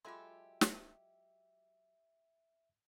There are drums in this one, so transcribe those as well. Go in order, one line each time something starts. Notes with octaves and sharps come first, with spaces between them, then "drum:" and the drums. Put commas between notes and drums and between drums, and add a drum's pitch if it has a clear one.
F#3 G#3 F4 G4 A4 E5 G#5 C6
drum: snare